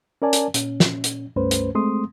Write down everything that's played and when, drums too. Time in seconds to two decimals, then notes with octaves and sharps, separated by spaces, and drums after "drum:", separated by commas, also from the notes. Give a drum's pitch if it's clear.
0.22 C#4 A#4 D5 G#5 A5
0.33 drum: hi-hat
0.54 A#2 C#4, drum: hi-hat
0.80 drum: snare
1.04 drum: hi-hat
1.36 C#2 G2 A3 C#4 B4 C5
1.51 drum: hi-hat
1.75 G#3 A3 C4 C6 D#6